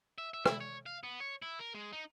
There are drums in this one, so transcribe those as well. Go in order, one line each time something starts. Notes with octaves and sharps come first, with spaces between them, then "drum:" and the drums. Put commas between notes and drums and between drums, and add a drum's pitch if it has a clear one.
E5
E5
E4, drum: rim click
C#5
F5
B3
C#5
E4
A#4
G#3
D#4